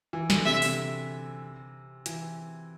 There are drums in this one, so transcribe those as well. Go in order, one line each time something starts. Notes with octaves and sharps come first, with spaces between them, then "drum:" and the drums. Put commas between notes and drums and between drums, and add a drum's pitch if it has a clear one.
E3
D3, drum: snare
C3 E5
C3, drum: open hi-hat
E3, drum: hi-hat